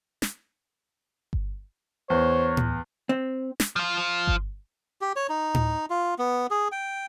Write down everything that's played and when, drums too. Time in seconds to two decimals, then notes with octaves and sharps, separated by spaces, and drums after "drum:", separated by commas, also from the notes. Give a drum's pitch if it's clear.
0.22 drum: snare
1.33 drum: kick G1
2.10 E2 C5 C#5
2.57 drum: tom A2
3.09 C4
3.60 drum: snare
3.76 F3 F4
4.27 drum: kick G1
5.01 G4
5.16 C#5
5.29 D#4
5.54 drum: tom A2
5.90 F4
6.19 B3
6.51 G#4
6.72 G5